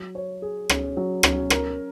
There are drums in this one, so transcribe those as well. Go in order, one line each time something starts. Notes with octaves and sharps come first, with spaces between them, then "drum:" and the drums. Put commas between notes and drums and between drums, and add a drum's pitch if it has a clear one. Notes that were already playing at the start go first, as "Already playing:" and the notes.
Already playing: F#3
C#5
G#4
C#4, drum: rim click
F#3
C#4, drum: rim click
A#4, drum: rim click